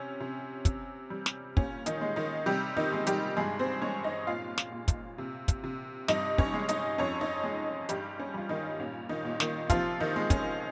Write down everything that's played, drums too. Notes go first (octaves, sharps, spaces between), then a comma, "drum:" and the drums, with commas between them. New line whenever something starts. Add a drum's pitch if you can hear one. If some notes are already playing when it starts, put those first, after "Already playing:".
Already playing: C3 C#4
C3
C3, drum: kick, hi-hat
G3
drum: snare
A#2 C#4, drum: kick
D#3 D#4, drum: hi-hat
G#3
D#3 D#4
C3 G3 G4
D#3 D#4
G#3
G3 G4, drum: hi-hat
G2 G#3 G#4
C4 C5
G#3 C#4 C#5
D#4 D#5
A#2 F4 F5
drum: snare
A#2
drum: kick, hi-hat
C3
drum: kick, hi-hat
C3
G2 D#4 D#5, drum: snare
C#4 C#5, drum: kick
G#3
D#4 D#5, drum: hi-hat
F2 C#4 C#5
D#4 D#5
G#3
G2 G3 G4, drum: hi-hat
C#4
G3 F4
D#3 D#4
A#2 C#4
D#3 D#4
A#2
D#3 D#4, drum: snare
C3 F3 F4, drum: kick, hi-hat
D#3 D#4
G#3
C#4, drum: kick, hi-hat